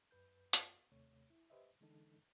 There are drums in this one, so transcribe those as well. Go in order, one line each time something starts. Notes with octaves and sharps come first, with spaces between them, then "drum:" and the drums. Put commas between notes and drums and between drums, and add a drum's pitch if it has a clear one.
F#2 B4 G6
drum: hi-hat
D#2 C3 A3 C#5
E4
G4 B4 C5 D#5 E5
D3 E3 G#3 D4 D#4 A4